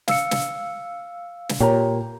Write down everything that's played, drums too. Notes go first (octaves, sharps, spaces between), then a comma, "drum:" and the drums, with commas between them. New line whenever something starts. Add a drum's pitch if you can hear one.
F5 E6 C#7, drum: snare
drum: snare
drum: snare
A#2 G4 A#4 C#5 A#5